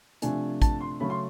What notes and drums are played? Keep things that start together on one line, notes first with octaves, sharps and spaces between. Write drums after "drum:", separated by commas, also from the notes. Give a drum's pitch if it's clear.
C3 F3 A3 D4 G#5, drum: hi-hat
A5, drum: kick A1, hi-hat
C6
C#3 F#3 A3 C#4 B5
C6